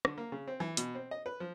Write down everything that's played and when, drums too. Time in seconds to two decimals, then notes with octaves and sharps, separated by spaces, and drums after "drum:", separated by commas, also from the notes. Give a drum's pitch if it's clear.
0.05 D3, drum: rim click
0.18 A#3
0.32 C#3
0.48 C4
0.60 E3
0.77 B2, drum: hi-hat
0.95 C4
1.11 D#5
1.26 B4
1.40 F3